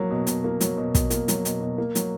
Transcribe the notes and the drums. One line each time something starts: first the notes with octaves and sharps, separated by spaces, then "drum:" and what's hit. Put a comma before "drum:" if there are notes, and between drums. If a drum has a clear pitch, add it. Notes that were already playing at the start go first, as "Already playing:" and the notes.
Already playing: F#3 A#3
B2
B2, drum: hi-hat
A#3
F#3, drum: hi-hat
B2
B2, drum: kick, hi-hat
A#3, drum: hi-hat
F#3, drum: hi-hat
B2, drum: hi-hat
B2
A#3
F#3, drum: hi-hat